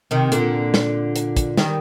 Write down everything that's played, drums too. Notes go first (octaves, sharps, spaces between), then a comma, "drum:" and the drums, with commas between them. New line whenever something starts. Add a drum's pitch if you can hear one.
C3 D#3
A#2 D3, drum: hi-hat
drum: snare
drum: hi-hat
drum: kick, hi-hat
D#3 G3, drum: snare